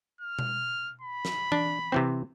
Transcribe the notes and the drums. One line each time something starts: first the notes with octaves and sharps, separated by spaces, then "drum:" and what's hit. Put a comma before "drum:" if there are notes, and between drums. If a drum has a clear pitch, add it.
F6
drum: tom B2
B5
drum: snare
D4, drum: tom E3
C3 E3 C4